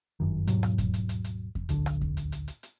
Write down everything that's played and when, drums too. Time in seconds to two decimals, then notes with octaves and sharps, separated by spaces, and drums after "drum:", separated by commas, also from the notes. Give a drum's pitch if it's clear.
0.20 G1 F#2 D#3
0.47 D#1 G#2 B2 F#3, drum: hi-hat
0.63 drum: rim click
0.78 drum: kick E2, hi-hat
0.94 drum: hi-hat
1.09 drum: hi-hat
1.24 drum: hi-hat
1.55 drum: kick E2
1.69 D1 A#1 D3, drum: hi-hat
1.86 drum: rim click
2.01 drum: kick E2
2.17 drum: hi-hat
2.32 drum: hi-hat
2.48 drum: hi-hat
2.63 drum: hi-hat